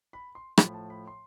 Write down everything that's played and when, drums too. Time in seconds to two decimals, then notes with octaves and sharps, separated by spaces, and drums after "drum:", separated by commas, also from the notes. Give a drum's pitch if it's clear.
0.13 B5
0.35 C6
0.58 A2 F3 B5, drum: rim click
0.74 A5
0.90 B5
1.07 C6